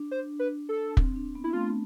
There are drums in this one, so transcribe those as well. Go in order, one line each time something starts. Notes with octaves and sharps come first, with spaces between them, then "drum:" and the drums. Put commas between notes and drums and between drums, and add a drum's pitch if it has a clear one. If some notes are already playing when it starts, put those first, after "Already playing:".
Already playing: D4
C5
B4
A4
C4, drum: kick
D4
B3
E4
A3 F4